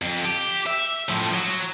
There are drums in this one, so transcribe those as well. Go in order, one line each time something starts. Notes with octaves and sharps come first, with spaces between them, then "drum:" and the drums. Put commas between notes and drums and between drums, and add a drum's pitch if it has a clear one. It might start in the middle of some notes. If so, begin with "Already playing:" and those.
F2
G4
drum: cymbal
E5
A2 F3, drum: hi-hat
F#3